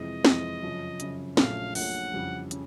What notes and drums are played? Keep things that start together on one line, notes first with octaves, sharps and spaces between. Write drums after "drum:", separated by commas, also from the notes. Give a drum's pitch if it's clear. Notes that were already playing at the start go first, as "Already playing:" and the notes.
Already playing: F2 C3 E3 G#3 C4 D#5
F2 C3 E3 G#3 C4, drum: snare
F#2 C#3 F3
F#2 C#3 F3, drum: hi-hat
A#1 A#2 F#3 A3 C#4 F5, drum: snare
A#1 A#2 F#3 A3 C#4 F#5, drum: open hi-hat
F2 C#3 E3 G3
C#3, drum: hi-hat